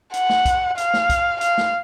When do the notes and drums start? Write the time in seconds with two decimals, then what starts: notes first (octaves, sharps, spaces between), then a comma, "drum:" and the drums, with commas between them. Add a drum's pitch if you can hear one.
0.14 F#5, drum: hi-hat
0.29 drum: snare
0.45 drum: kick, hi-hat
0.78 F5, drum: hi-hat
0.94 drum: snare
1.10 drum: kick, hi-hat
1.41 F5, drum: hi-hat
1.58 drum: snare